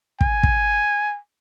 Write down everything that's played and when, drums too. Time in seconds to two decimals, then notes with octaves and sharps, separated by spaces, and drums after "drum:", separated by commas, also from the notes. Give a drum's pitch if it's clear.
0.21 G#5, drum: kick
0.43 drum: kick